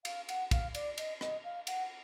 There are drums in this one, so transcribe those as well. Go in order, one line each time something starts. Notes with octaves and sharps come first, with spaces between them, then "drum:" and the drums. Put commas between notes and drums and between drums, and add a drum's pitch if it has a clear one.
F5, drum: cymbal
F#5, drum: cymbal
F5, drum: kick, cymbal
D5, drum: cymbal
D#5, drum: cymbal
D#5, drum: rim click
F5
F#5, drum: cymbal